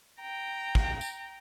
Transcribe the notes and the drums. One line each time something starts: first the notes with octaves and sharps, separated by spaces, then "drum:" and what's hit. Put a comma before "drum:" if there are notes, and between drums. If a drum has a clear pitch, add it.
G5 A#5
drum: kick
drum: tambourine